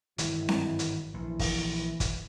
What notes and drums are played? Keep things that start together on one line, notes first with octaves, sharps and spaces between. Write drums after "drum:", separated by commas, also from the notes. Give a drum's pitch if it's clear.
G#1 G2 D#3 E3 F#3 E4, drum: hi-hat
drum: snare C4
drum: hi-hat
A#1 E3
drum: kick, open hi-hat
drum: kick, hi-hat